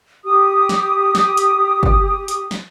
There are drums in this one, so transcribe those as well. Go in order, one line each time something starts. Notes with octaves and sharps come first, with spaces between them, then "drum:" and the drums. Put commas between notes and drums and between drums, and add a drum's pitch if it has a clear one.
G4 D#6
drum: snare
drum: snare
drum: hi-hat
drum: kick
drum: hi-hat
drum: snare